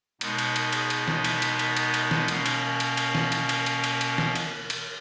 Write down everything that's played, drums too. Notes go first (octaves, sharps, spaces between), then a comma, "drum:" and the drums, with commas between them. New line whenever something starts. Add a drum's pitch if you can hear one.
B2 G#3 B3 D#4, drum: cymbal
drum: cymbal
drum: cymbal
G#4, drum: cymbal
drum: cymbal
drum: snare
E5, drum: cymbal
drum: cymbal
drum: cymbal
drum: cymbal
drum: cymbal
drum: snare
B2 A#3 C#4, drum: cymbal
drum: cymbal
drum: cymbal
drum: cymbal
drum: snare
drum: cymbal
drum: cymbal
drum: cymbal
drum: cymbal
drum: cymbal
drum: snare
drum: cymbal
drum: cymbal